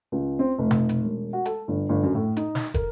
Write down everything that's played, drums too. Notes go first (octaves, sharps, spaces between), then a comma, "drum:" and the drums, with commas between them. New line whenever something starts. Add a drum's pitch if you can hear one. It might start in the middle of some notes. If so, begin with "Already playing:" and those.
C#2
C4
F1
drum: tom B2
drum: hi-hat
E1
F#4
A4, drum: hi-hat
G1
G1
F#2
A2
D#4, drum: hi-hat
drum: snare
A#4, drum: kick, hi-hat